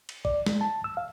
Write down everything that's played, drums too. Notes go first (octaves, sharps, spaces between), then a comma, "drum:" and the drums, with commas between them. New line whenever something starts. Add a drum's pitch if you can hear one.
drum: cymbal
D5, drum: kick
G#3, drum: snare
A5
E6
F5